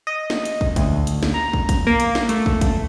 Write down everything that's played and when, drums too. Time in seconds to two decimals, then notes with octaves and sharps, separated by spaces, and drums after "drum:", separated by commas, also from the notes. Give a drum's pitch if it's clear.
0.07 D#5
0.30 drum: snare
0.45 drum: hi-hat
0.61 drum: kick
0.76 D2, drum: kick, hi-hat
1.07 drum: hi-hat
1.23 drum: snare
1.34 A#5
1.53 drum: kick
1.69 drum: kick, hi-hat
1.87 A#3
2.00 drum: hi-hat
2.15 drum: snare
2.29 A3, drum: hi-hat
2.46 drum: kick
2.61 drum: kick, hi-hat